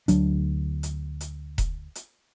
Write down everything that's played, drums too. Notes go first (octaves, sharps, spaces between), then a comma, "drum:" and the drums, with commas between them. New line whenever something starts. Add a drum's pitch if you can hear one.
D2 F#3 D4, drum: hi-hat
drum: hi-hat
drum: hi-hat
drum: kick E1, hi-hat
drum: hi-hat